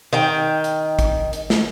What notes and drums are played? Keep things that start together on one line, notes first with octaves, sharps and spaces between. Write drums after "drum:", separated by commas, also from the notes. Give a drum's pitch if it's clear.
D#3 G5
drum: hi-hat
drum: kick, hi-hat
drum: hi-hat
drum: snare